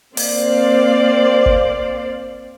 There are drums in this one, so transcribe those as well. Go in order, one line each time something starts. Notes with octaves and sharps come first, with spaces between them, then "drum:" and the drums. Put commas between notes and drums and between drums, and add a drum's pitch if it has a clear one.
A#3 C4 C5 D5 F5, drum: open hi-hat
drum: kick G#1